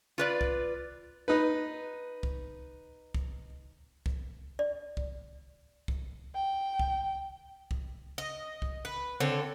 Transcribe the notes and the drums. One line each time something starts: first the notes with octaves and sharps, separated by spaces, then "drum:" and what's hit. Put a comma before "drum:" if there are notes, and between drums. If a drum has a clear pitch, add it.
F4 B4 D5
drum: kick C2
D#4 B4
drum: kick C2
drum: kick C2
drum: kick C2
D5
drum: kick C2
drum: kick C2
G5
drum: kick C2
drum: kick C2
D#5
drum: kick C2
B4
D3 C4 A4 C#5